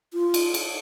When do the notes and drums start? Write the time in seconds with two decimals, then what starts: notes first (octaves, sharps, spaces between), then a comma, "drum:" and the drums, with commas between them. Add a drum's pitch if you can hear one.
0.14 F4
0.34 drum: cymbal
0.54 drum: cymbal